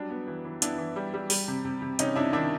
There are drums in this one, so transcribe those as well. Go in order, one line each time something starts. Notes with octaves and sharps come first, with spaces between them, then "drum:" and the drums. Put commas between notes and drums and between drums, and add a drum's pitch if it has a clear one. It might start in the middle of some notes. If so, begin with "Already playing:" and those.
Already playing: F#3 G3 D4
B3
E3
E3
B3 D4 E4, drum: hi-hat
E3
G3
G3
G3, drum: open hi-hat
C3
C3
C3
C3 C#4 D#4, drum: hi-hat
C3 D4 E4
D#3 D4 E4